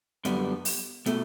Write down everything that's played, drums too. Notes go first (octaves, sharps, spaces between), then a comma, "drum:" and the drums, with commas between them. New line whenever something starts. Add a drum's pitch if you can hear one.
F#2 D3 G3 B3, drum: hi-hat
drum: open hi-hat
B2 A3, drum: hi-hat